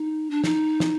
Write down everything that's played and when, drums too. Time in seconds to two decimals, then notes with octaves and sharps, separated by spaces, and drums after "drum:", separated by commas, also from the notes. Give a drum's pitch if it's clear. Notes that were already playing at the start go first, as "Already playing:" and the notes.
Already playing: D#4
0.31 D4
0.44 D#4, drum: snare
0.80 drum: snare